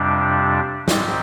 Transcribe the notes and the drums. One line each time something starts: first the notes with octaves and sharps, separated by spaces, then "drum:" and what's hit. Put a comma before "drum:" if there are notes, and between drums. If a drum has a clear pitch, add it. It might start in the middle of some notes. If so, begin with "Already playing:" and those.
Already playing: F2 C3 G3 D4
G#2 D#3 G3 C4, drum: snare